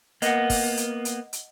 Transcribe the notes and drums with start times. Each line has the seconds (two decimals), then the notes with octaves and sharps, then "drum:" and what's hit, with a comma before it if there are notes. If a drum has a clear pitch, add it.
0.22 A#3 B3 D#5 F#5, drum: hi-hat
0.50 drum: kick, open hi-hat
0.77 drum: hi-hat
1.05 drum: hi-hat
1.33 drum: hi-hat